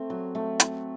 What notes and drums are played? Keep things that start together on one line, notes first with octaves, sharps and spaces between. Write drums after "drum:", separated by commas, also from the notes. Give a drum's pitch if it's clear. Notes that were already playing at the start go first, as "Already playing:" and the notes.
Already playing: A3 C4
F#3
A3
drum: hi-hat